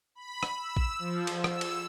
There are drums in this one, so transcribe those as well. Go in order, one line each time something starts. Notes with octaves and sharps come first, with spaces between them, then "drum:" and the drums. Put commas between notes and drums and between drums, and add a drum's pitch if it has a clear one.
B5
drum: rim click
E6
drum: kick A#1
F3
drum: cymbal
E6, drum: rim click
drum: cymbal